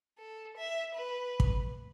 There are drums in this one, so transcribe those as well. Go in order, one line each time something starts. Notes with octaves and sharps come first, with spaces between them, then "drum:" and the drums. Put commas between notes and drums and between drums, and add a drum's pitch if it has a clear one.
A4
E5
B4
drum: kick